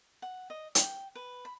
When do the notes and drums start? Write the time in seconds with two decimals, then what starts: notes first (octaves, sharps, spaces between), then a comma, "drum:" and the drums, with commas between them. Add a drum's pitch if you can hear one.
0.22 F#5
0.50 D#5
0.75 G5, drum: hi-hat
1.15 B4
1.45 B5